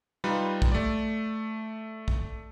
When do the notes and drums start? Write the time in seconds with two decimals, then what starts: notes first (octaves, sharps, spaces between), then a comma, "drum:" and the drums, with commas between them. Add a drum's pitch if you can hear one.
0.24 G3 D#4 F4 B4
0.62 drum: kick A#1
0.72 A3 D5
2.08 drum: kick A#1